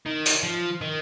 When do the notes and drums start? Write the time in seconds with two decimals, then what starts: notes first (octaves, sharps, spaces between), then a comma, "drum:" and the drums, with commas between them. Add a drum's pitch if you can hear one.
0.06 D#3
0.26 drum: hi-hat
0.43 F3
0.81 D#3